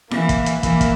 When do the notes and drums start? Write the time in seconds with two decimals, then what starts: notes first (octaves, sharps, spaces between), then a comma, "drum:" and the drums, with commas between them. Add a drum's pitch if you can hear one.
0.11 E3 A#3, drum: snare E4
0.29 drum: kick, hi-hat
0.46 drum: hi-hat
0.63 E3 A#3, drum: kick, hi-hat
0.81 drum: kick, hi-hat